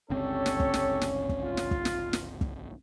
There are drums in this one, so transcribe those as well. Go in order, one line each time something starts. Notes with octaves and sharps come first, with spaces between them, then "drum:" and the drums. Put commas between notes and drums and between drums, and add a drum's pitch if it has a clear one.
G1 C#2 C4 C#4 G4 A4 C#5
drum: snare
drum: kick
drum: snare
drum: snare
drum: kick
F4
drum: snare
drum: kick
drum: snare
drum: snare
drum: kick